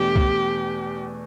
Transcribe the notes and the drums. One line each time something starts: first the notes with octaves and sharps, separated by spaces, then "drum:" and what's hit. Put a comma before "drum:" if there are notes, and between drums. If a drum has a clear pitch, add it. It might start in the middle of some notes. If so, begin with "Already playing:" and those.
Already playing: E2 B2 A3 D4 G4
drum: kick C2